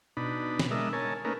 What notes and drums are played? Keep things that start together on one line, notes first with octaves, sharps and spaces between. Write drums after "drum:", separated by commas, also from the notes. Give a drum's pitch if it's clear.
B2 D4 D#4 B5
drum: snare
G#3 D4 A#4 D#5 E5
A#4 C#5 G#5 A5
A3 A#3 C#4 D#4 A#4 B4